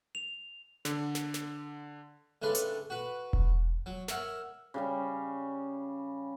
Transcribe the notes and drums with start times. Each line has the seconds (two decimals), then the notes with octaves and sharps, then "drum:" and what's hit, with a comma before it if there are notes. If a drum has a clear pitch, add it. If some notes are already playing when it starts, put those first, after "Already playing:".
0.15 F7
0.85 D3, drum: snare
1.15 drum: snare
1.34 drum: snare
2.42 A2 C#3 D4 B4 C6
2.55 drum: hi-hat
2.90 F#4 B4
3.33 drum: kick E1
3.86 F#3
4.08 A#4 C#5 E5 F#5, drum: snare
4.74 C#3 G3 C#4